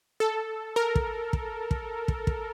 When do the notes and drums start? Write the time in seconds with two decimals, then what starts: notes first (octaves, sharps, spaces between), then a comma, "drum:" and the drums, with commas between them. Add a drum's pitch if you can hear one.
0.20 A4
0.76 A#4
0.95 drum: kick
1.33 drum: kick
1.71 drum: kick
2.08 drum: kick
2.27 drum: kick